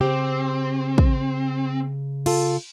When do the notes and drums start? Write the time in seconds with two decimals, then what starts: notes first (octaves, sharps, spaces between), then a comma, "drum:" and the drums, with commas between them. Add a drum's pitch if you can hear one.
0.01 C#3 C4 G4
0.98 drum: kick
2.26 F4 A4, drum: cymbal